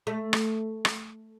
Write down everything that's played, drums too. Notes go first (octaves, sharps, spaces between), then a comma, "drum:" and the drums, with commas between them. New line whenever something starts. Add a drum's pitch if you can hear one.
A3
drum: rim click
drum: rim click